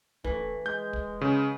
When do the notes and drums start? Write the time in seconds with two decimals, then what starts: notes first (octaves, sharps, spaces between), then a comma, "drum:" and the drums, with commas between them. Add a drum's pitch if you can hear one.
0.24 E3 A3, drum: kick
0.66 G#3 G6
0.93 drum: kick
1.21 C#3